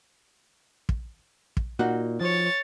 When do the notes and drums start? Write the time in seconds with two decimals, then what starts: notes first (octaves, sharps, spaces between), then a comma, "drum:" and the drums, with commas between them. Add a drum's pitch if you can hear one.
0.89 drum: kick
1.57 drum: kick
1.79 A#2 D#4 F#4 F#5
2.21 F3 C#5 A6